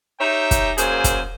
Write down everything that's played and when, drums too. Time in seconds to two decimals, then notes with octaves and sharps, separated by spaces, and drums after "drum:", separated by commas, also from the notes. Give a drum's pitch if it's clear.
0.20 D#4 G4 C#5 E5 G5 A#5
0.51 drum: kick, hi-hat
0.78 F#2 A#3 G#4 C5 G#5, drum: hi-hat
1.04 drum: kick, hi-hat